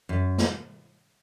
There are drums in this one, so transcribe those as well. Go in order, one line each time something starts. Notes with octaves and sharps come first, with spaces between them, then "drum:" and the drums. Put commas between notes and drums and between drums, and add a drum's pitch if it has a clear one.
F#2
drum: snare